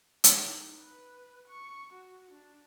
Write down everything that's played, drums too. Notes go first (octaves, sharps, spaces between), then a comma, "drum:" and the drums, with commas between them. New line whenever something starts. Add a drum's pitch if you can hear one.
D#4, drum: hi-hat
B4
C#6
F#4
D4